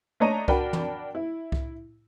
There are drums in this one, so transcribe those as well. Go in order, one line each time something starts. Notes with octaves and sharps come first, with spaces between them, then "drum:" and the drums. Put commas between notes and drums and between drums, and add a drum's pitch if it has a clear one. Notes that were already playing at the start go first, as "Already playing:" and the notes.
A3 D4 C#5 D#5 A#5 D#7
D4 F#4 A#4 G5 B5, drum: kick C2
drum: tom
E4
drum: kick C2